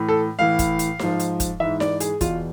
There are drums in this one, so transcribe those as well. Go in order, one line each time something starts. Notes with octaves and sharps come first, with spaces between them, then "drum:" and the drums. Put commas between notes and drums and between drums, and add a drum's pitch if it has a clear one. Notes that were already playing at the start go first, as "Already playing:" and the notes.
Already playing: A2 E3
A4
A2 E3 F5
drum: kick, hi-hat
drum: hi-hat
G#2 F3, drum: snare D#4
drum: hi-hat
drum: kick, hi-hat
G#2 E3 E5
D5, drum: snare D#4
G#4, drum: hi-hat
E2 B2 F4, drum: kick, hi-hat